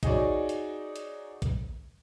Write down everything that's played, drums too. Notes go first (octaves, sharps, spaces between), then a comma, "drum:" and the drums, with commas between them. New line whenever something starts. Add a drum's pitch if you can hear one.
D#4 F#4 G#4 C#5 D5, drum: kick A#1, hi-hat
drum: hi-hat
drum: hi-hat
drum: kick A#1, hi-hat